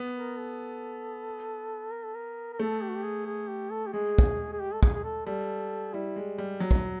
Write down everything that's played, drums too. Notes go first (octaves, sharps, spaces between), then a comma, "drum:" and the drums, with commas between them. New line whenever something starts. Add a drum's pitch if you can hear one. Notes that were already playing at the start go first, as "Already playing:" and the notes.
Already playing: B3
A#4
A4
A#4
A4
A#4
A#4
A3 A4
G4
F#4
G4
G#4
G#4
G4
A4
G4
G#3 G#4
drum: kick
G#4
G4
A4
G#4, drum: kick
G#4
A4
G3 A4
G3 E4
G#3
G3
F#3
drum: kick